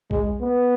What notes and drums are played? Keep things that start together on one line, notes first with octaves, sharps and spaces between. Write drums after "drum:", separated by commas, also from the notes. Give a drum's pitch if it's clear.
G#3, drum: kick
B3